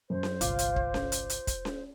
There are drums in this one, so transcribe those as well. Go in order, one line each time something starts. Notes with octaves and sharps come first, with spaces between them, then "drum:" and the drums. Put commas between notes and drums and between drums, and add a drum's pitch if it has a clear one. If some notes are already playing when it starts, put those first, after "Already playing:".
F#2 C5
drum: snare C#4
G1 C2 F4 D6, drum: hi-hat
drum: hi-hat
drum: kick
drum: snare C#4
drum: hi-hat
drum: hi-hat
drum: kick, hi-hat
drum: snare C#4